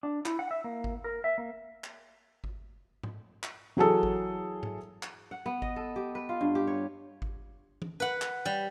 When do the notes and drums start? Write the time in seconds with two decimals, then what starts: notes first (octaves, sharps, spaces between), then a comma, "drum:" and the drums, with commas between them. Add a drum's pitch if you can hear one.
0.03 D4
0.25 E4, drum: clap
0.39 F#5
0.51 E5
0.64 A#3
0.84 drum: kick G#1
1.04 A#4
1.24 E5
1.38 A#3
1.84 drum: clap
2.44 drum: kick G#1
3.03 drum: tom G#2
3.43 drum: clap
3.77 E3 F#3 G#4 A4
4.03 drum: kick G#1
4.63 drum: tom G#2
5.03 drum: clap
5.31 F#5
5.46 B3
5.62 D#5, drum: kick G#1
5.76 A4
5.96 G4
6.15 B4
6.29 F4
6.41 G2
6.55 G4
6.67 C#5
7.22 drum: kick G#1
7.82 drum: tom E3
8.00 B4 F#5
8.21 drum: clap
8.45 G3